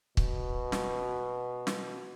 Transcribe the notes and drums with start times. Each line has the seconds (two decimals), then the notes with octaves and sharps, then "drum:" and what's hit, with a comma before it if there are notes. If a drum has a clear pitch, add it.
0.17 B2, drum: kick
0.72 drum: snare
1.67 drum: snare